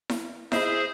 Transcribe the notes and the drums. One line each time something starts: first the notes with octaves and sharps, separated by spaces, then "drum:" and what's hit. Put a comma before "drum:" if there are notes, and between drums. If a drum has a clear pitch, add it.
drum: snare E4
E4 G#4 C5 D#5 E5, drum: snare E4